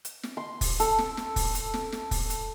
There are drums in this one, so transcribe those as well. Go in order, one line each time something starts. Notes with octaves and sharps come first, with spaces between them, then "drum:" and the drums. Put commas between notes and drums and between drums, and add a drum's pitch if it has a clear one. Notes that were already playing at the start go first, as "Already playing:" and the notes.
drum: hi-hat
drum: snare
C6
drum: kick, open hi-hat
A4, drum: hi-hat
drum: snare
drum: snare
drum: kick, open hi-hat
drum: hi-hat
drum: snare
drum: snare
drum: kick, open hi-hat
drum: hi-hat